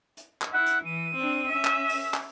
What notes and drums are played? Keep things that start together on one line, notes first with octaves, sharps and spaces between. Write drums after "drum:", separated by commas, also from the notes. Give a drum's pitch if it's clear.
drum: hi-hat
drum: clap
E4 F#5
drum: hi-hat
E3 D#7
C4 D4
C#4 E5
drum: clap
drum: open hi-hat
drum: clap